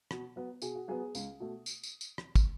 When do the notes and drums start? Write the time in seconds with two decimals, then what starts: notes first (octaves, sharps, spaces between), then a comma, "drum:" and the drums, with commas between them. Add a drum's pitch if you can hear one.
0.11 B2, drum: rim click
0.36 F#3 B3
0.62 B2 G#4, drum: tambourine
0.75 F#4
0.88 F#3 B3 G#4
1.15 C#2, drum: tambourine
1.40 B2 A3
1.66 drum: tambourine
1.84 drum: tambourine
2.01 drum: tambourine
2.18 drum: rim click
2.36 drum: kick, tambourine